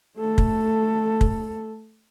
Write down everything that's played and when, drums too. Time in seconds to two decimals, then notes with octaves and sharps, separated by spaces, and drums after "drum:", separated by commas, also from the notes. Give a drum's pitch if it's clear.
0.17 A3 A4
0.38 drum: kick
1.21 drum: kick